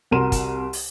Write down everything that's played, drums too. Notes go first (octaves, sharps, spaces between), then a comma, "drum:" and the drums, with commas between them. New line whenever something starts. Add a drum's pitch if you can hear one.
C2 F#4 A#4 C6 D#7 E7
drum: kick, hi-hat
drum: open hi-hat